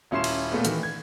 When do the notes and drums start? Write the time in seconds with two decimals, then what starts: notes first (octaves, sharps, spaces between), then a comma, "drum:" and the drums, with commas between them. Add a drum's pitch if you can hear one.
0.11 D#1 C#4 E4 C6 C7 E7
0.24 drum: cymbal
0.52 A#2 A3 B3
0.65 D#3 E3, drum: hi-hat
0.83 G#6